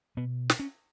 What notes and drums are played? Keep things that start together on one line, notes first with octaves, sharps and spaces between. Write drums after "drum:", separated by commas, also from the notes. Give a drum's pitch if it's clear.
B2 B3
drum: snare
C#4